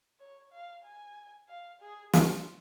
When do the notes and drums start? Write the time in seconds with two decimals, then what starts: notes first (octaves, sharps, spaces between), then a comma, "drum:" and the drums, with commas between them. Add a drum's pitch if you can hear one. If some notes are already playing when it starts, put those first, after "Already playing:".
0.19 C#5
0.52 F5
0.84 G#5
1.48 F5
1.81 G#4
2.13 F4, drum: snare